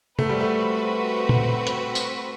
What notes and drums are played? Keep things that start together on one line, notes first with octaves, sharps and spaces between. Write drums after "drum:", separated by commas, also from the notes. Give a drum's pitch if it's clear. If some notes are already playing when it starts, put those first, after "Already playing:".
A3 C4 F#4 B4, drum: tom
G3
A3
drum: tom A#2
drum: hi-hat
drum: tambourine